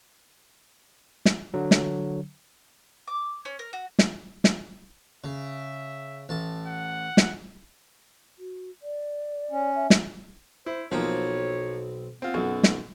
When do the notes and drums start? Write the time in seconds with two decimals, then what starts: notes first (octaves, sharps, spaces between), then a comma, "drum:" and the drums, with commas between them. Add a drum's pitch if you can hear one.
1.25 drum: snare
1.54 D3 F#3
1.71 drum: snare
3.08 D6
3.45 C#4
3.59 A#4
3.73 F#4
3.99 drum: snare
4.44 drum: snare
5.24 C#3 E5
6.29 A1 A5
6.67 F#5
7.17 drum: snare
8.38 F#4
8.82 D5
9.51 C#4
9.75 E5
9.90 drum: snare
10.66 E4 C5
10.92 B1 F3 A#3 C4 C#5 G5
12.22 B3 C4 F4
12.34 B1 F#2
12.63 drum: snare